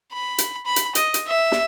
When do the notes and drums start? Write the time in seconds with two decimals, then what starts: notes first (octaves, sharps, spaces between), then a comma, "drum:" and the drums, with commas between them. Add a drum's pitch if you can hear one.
0.13 B5
0.38 drum: hi-hat
0.66 B5
0.76 drum: hi-hat
0.95 D#5, drum: hi-hat
1.14 drum: hi-hat
1.27 E5
1.52 drum: snare